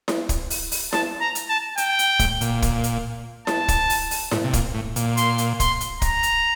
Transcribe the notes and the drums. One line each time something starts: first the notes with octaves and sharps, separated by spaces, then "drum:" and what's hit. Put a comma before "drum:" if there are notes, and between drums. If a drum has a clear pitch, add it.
drum: snare E4
drum: kick, hi-hat
drum: open hi-hat
drum: open hi-hat
A5, drum: snare E4
A#5
drum: hi-hat
A5
G5, drum: hi-hat
drum: hi-hat
A2, drum: kick, hi-hat
A#2, drum: hi-hat
drum: kick, hi-hat
drum: hi-hat
A5, drum: snare E4
drum: kick, hi-hat
drum: open hi-hat
drum: open hi-hat
A2, drum: snare E4
C3
A#2, drum: kick, hi-hat
A2
A#2, drum: hi-hat
C6, drum: hi-hat
drum: hi-hat
C6, drum: kick, hi-hat
drum: hi-hat
A#5, drum: kick, hi-hat
drum: hi-hat